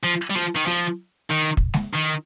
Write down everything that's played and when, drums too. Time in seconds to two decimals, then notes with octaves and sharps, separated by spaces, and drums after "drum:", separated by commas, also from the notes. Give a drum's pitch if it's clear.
0.03 F3
0.30 G3
0.36 F3, drum: hi-hat
0.56 D#3
0.67 F3, drum: open hi-hat
1.30 D#3
1.57 drum: kick
1.74 drum: snare
1.93 D#3